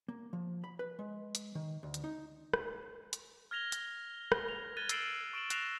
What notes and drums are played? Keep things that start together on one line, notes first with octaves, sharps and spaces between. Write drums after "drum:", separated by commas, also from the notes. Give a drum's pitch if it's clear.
A#3
F3
B5
B4
G#3
drum: hi-hat
D#3
D2
drum: hi-hat
D#4
drum: rim click
drum: hi-hat
F6 G#6 A#6 F7 G7
drum: hi-hat
drum: rim click
F7
F#6 G#6 A6 D#7 G7
E6 A6 C7 D7 E7 F#7, drum: hi-hat
C#6 D7 E7 F#7
F#6 A#6 C7 E7 F7, drum: hi-hat